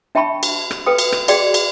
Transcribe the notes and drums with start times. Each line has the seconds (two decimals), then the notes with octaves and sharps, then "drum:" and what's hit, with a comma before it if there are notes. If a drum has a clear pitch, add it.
0.15 D4 E5 G5 A5 B5 C#6
0.43 drum: cymbal
0.71 drum: rim click
0.86 A4 B4 G5 D#6
0.98 drum: cymbal
1.12 drum: rim click
1.28 F#4 G#4 D5 F#5 G5 D6, drum: cymbal
1.54 drum: cymbal